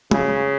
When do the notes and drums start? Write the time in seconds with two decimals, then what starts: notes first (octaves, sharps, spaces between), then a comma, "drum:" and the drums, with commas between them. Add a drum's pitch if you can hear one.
0.11 C#3, drum: tom